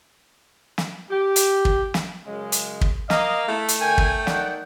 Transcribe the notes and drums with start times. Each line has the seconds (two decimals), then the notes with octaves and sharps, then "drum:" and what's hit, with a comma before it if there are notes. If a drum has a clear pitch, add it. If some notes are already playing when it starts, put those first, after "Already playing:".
0.78 drum: snare
1.10 G4
1.36 drum: hi-hat
1.65 drum: kick
1.94 drum: snare
2.27 F#2 C#3 G#3
2.52 drum: hi-hat
2.81 drum: kick
3.10 A#3 D#5 F5, drum: snare
3.48 A3 E4
3.69 drum: hi-hat
3.81 D3 A#4 G5 G#5
3.98 drum: kick
4.27 D#3 D5 F#5, drum: snare